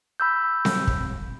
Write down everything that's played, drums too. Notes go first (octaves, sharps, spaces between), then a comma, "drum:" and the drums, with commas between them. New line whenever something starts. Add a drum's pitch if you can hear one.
B5 E6 G6
drum: snare C4
drum: kick